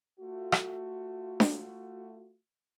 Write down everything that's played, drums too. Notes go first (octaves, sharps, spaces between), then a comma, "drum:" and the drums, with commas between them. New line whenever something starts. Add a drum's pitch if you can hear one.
A3 F4 F#4
drum: rim click
drum: snare D4